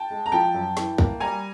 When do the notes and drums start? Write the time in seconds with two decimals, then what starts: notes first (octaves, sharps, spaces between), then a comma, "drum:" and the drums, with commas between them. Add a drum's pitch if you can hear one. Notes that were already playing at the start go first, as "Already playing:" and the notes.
Already playing: G5 A5
0.10 G#3
0.26 A#5
0.32 F3 G5 A5
0.54 F#2
0.77 E3, drum: snare
0.98 A#3, drum: kick
1.20 G3 G#5 A#5